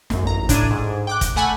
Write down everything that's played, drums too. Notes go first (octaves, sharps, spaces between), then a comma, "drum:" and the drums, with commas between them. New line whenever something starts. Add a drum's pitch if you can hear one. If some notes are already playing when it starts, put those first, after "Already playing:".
G#1 F#2, drum: snare
A1 A#5
A2 D4 G#6 D#7, drum: kick, hi-hat
G#2
G5 D6 F#6
drum: kick, hi-hat
A3 F#5 G#5 B5 E6